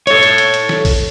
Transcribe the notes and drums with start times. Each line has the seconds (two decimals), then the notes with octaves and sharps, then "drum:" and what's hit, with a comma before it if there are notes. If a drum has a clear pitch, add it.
0.07 A4 C#5, drum: hi-hat
0.23 drum: hi-hat
0.38 drum: hi-hat
0.54 drum: hi-hat
0.69 drum: snare
0.85 drum: kick B1, open hi-hat